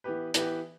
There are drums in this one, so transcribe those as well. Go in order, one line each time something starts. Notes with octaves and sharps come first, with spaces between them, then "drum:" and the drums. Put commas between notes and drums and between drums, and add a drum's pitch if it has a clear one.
E3 B3 G4 B4
E3 B3 G4 B4, drum: hi-hat